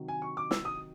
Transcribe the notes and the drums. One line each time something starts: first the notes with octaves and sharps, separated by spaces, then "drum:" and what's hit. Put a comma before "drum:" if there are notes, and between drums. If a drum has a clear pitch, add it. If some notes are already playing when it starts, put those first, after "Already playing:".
Already playing: C3 D#3 F#3
G#5
C#6
D6
E6, drum: snare
D#6